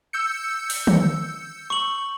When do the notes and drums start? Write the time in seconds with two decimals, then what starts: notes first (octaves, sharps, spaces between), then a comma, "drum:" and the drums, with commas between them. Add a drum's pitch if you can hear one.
0.13 E6 G6 C#7
0.70 drum: open hi-hat
0.87 drum: tom
1.70 C#6 F#7